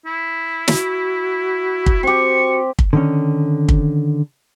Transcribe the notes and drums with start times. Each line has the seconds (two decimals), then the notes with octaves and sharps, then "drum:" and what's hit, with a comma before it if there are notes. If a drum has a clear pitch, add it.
0.06 E4
0.68 F#4, drum: snare
1.86 drum: kick
2.03 C4 G4 C#6
2.79 drum: kick
2.93 D3 D#3 C#4
3.69 drum: kick